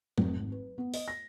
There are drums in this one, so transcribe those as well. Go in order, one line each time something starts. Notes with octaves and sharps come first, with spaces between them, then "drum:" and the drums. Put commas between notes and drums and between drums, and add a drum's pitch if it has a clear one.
F1, drum: tom F#3
G#1
B4
B3
D#5, drum: open hi-hat
A#6